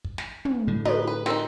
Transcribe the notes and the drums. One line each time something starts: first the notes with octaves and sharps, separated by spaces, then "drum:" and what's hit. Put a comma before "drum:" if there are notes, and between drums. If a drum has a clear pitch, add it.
drum: kick
drum: snare
drum: tom
A2 D3
D#4 F#4 A4 B4, drum: tom
B4
C4 D#4 F4 G4 A#4, drum: snare